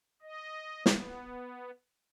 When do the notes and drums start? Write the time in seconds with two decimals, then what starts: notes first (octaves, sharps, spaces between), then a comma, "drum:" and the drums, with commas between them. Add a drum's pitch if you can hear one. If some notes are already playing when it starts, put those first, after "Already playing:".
0.22 D#5
0.86 B3, drum: snare